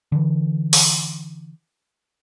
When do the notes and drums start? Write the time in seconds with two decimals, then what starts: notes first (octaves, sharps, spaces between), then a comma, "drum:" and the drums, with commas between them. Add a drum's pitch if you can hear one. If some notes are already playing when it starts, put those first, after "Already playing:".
0.12 D3 E3
0.73 drum: open hi-hat